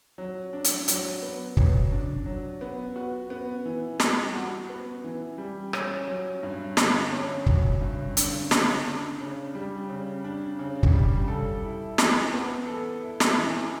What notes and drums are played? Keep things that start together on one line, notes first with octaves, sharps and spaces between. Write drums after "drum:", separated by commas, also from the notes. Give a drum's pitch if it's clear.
F#3
D4
drum: hi-hat
F#3, drum: hi-hat
B3
F#3, drum: kick
D4
F#3
B3
F#4
B3
E3
G3, drum: snare
F#4
B3
E3
G3
C#4, drum: rim click
F#3
G2
D3, drum: snare
C#4
F#3, drum: kick
G2
D3, drum: hi-hat
C#3, drum: snare
D4
C#3
G3
C#3
D4
C#3
drum: kick
G3
A4
E4
E3, drum: snare
B3
A4
E4
drum: snare
E3